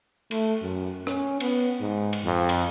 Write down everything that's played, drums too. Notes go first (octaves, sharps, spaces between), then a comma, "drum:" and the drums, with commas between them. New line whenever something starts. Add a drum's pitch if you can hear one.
A3, drum: cymbal
F#2
C#4, drum: rim click
B3, drum: cymbal
G#2
drum: cymbal
F2
drum: cymbal